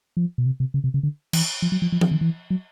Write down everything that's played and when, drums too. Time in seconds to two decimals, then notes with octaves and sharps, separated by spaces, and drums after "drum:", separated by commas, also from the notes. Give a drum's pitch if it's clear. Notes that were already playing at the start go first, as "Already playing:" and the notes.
0.17 F3
0.38 B2
0.46 C3
0.60 C3
0.74 C#3
0.84 C3
0.94 C#3
1.03 D3
1.33 E3, drum: cymbal
1.62 F3
1.72 F#3
1.82 F3
1.92 F3
2.01 E3, drum: tom F3
2.11 D#3
2.21 E3
2.50 F#3